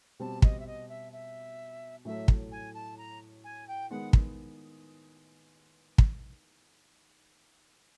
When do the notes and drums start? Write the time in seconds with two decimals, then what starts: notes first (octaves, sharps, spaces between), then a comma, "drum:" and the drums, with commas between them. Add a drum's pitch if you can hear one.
0.19 B2 G3 C4 A5
0.42 D#5, drum: kick
0.59 E5
0.66 D#5
0.89 E5
1.12 E5
2.05 A2 F#3 A3 E5
2.28 drum: kick
2.51 G#5
2.74 A5
2.97 A#5
3.44 G#5
3.68 G5
3.90 D#3 G#3 B3 F#5
4.13 drum: kick
5.98 drum: kick